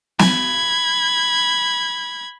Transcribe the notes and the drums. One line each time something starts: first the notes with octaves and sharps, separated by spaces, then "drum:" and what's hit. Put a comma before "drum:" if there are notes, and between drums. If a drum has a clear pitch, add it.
B5 G#6, drum: snare